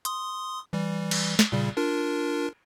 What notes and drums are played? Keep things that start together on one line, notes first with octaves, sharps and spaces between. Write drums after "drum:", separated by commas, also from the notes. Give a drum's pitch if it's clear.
C6 D#6, drum: hi-hat
E3 G3
drum: cymbal
drum: snare
A#2 C#3 G3
D4 F4 A#4